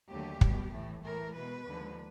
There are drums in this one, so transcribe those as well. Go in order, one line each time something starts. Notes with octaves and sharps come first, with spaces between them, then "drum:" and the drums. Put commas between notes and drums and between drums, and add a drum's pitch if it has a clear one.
D#2 D3 F#3 A3 G4
B2 G3, drum: kick
A2 E3 A3
A2 E3 A3 A#4
B2 G#3 B4
D#2 D3 F3 G#3